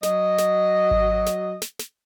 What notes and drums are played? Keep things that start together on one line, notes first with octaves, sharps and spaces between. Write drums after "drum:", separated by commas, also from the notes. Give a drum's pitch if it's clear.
F#3 D#5, drum: snare
drum: snare
drum: kick G#1
drum: snare
drum: snare
drum: snare